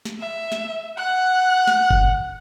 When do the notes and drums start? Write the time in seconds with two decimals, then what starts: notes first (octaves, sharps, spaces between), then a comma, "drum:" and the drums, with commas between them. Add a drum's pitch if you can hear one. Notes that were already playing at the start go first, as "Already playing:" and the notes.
0.05 drum: snare
0.20 E5
0.52 drum: snare
0.98 F#5 F#6
1.67 drum: snare
1.91 drum: kick G1